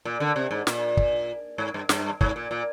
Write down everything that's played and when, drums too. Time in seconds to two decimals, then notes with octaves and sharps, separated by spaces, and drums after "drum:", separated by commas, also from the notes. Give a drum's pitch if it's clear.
0.05 A#2
0.20 D3
0.36 C3
0.51 G#2
0.67 A#2, drum: snare
0.97 drum: kick
1.58 G#2
1.74 G2
1.89 G2, drum: snare
2.21 G#2, drum: kick
2.36 A#2
2.51 A#2